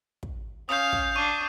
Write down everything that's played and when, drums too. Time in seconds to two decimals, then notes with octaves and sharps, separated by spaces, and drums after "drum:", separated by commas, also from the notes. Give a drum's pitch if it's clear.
0.23 drum: kick
0.69 C#4 F5 D#6 G6
0.93 drum: kick
1.16 D4 C#6 C7 D#7